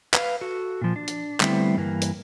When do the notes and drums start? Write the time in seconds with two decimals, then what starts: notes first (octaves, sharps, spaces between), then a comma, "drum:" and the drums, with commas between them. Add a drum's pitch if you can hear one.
0.14 B4 F5, drum: clap
0.41 F#4 A4
0.82 A#2 F3
0.96 D4
1.08 drum: hi-hat
1.40 D3 G3 A3 B3 C4 E4, drum: clap
1.77 G2 E3 A#3
2.02 drum: hi-hat